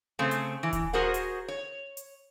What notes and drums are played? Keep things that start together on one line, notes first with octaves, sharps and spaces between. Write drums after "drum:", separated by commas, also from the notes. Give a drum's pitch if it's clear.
C#3 A3 C4 C5
drum: hi-hat
E3
drum: kick D#1, hi-hat
F#4 G#4 A#4 C5 F#5
drum: hi-hat
C#5
drum: hi-hat